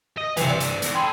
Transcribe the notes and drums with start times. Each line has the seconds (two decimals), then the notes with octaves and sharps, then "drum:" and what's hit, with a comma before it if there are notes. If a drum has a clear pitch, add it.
0.17 D#5
0.37 G2 C3 E3 C5, drum: hi-hat
0.50 D5
0.60 drum: hi-hat
0.82 E2 G#2, drum: hi-hat
0.95 G#4 A4 G5 B5 C6